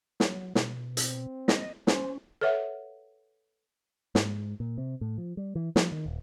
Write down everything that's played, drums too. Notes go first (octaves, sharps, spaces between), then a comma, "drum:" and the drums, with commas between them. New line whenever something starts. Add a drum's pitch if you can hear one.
F#3, drum: snare
B2, drum: snare
C4, drum: hi-hat
D#5, drum: snare
C#4 C5, drum: snare
A4 B4 C#5 E5 F#5
G#2, drum: snare
A#2
C3
A2
F3
G3
E3
F3, drum: snare
D#3
D#1